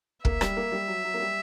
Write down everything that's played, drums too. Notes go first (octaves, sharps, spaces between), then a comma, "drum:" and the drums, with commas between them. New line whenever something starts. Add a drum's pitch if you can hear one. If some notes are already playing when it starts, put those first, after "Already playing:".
A#3 E5, drum: kick
G3, drum: rim click
A#3
G3
F#3
F#3
A#3
G3